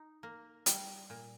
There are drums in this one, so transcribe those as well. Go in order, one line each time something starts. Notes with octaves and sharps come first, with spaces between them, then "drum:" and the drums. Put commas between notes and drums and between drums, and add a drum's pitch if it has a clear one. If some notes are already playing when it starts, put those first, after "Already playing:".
Already playing: D#4
A#3
G3, drum: hi-hat
A#2